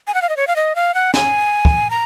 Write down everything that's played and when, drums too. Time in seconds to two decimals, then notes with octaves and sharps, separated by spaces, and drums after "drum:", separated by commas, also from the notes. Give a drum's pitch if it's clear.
0.07 G#5
0.14 F#5
0.22 F5
0.29 D#5
0.37 C#5
0.47 F5
0.56 D#5
0.75 F5
0.95 F#5
1.14 G#5, drum: snare
1.65 drum: kick
1.90 A#5